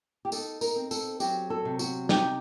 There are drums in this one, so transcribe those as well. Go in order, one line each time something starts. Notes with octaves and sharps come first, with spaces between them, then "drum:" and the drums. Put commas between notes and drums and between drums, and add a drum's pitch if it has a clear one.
G4
D#4 A4, drum: tambourine
A#4, drum: tambourine
C4
A4, drum: tambourine
F#3 G4, drum: tambourine
A4
C3
F#4, drum: tambourine
D#4 G4, drum: snare